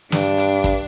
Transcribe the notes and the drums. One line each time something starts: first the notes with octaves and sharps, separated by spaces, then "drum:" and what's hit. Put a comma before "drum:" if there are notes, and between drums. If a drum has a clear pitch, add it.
G2 D4, drum: snare
drum: hi-hat
drum: kick, hi-hat